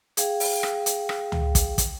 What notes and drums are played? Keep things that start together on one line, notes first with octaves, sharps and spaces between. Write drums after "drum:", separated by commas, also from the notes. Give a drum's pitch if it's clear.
G#4 F5 G5, drum: hi-hat
drum: open hi-hat
drum: rim click
drum: hi-hat
drum: rim click
drum: tom C#2
drum: kick, hi-hat
drum: kick, hi-hat